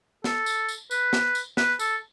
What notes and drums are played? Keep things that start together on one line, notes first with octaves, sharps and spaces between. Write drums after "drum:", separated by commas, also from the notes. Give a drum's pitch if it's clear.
A4, drum: snare
drum: tambourine
drum: tambourine
B4, drum: tambourine
drum: snare
drum: tambourine
B4, drum: snare
A4, drum: tambourine